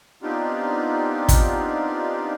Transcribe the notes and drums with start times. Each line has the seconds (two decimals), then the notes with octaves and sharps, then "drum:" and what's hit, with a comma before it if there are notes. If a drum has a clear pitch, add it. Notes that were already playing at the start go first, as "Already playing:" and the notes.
0.23 B3 C4 D4 D#4 F4 G4
1.29 drum: kick, hi-hat